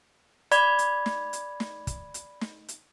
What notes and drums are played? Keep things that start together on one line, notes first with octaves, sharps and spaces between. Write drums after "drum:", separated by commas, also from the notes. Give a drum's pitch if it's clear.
D5 B5 G#6, drum: hi-hat
drum: hi-hat
drum: snare
drum: hi-hat
drum: snare
drum: kick, hi-hat
drum: hi-hat
drum: snare
drum: hi-hat